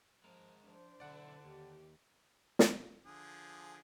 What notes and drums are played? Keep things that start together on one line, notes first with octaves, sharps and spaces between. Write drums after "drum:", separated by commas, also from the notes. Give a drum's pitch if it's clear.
F3 G#3 A#4
F3 D4 C5
B1 D3 E4 D5 F#5
D#2 G4
drum: snare
D3 F3 G#4